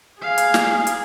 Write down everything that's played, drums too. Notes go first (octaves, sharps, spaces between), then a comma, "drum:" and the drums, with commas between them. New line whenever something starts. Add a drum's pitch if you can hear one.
G#4 F5
drum: hi-hat
drum: snare
drum: hi-hat